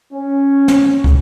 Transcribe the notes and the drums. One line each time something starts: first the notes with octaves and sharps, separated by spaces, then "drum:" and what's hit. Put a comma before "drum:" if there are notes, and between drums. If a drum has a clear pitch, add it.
C#4
drum: snare
drum: kick